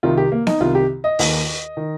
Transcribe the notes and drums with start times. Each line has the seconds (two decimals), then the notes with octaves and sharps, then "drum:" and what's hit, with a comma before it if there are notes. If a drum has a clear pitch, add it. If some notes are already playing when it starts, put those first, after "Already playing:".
0.03 C2 C3 D#3 F4
0.17 G4
0.32 A#3
0.47 D#4, drum: snare B3
0.60 C2 C3 D#3 F4
0.75 G4
1.04 D#5
1.19 D#2 D#3, drum: open hi-hat
1.77 D#3